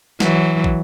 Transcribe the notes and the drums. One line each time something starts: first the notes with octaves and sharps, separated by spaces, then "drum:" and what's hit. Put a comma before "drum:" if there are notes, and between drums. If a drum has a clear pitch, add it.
E3 F#3, drum: snare
drum: kick